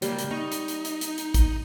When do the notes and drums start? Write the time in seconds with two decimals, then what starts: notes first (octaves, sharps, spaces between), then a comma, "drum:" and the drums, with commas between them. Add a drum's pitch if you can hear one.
0.02 C#2 G3 A#3, drum: hi-hat
0.19 drum: hi-hat
0.31 D#4 C#6
0.52 drum: hi-hat
0.68 drum: hi-hat
0.85 drum: hi-hat
1.01 drum: hi-hat
1.18 drum: hi-hat
1.34 drum: kick, hi-hat